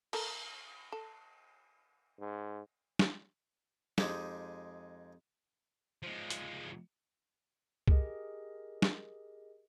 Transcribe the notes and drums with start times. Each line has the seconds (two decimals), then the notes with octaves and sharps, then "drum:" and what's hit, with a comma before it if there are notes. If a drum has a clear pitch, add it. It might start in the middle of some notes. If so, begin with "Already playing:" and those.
0.13 A4 A#4, drum: cymbal
0.92 A4
2.19 G#2
2.99 drum: snare
3.98 F2 G#3 D#4 G4 G#4 E5, drum: snare
6.02 F3 G#3
6.30 drum: hi-hat
7.88 G4 G#4 A#4 D#5, drum: kick
8.82 drum: snare